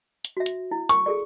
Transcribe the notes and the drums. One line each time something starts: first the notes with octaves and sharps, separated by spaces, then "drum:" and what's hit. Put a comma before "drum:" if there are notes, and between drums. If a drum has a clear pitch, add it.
drum: hi-hat
F#4 E5
drum: hi-hat
E4
C#6, drum: hi-hat
G#4 A4 D5